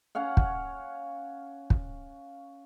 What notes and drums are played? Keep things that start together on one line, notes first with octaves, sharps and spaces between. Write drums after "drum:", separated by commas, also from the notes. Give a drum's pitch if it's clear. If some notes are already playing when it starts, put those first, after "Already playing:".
C#4 C#5 F5 F#5
drum: kick
drum: kick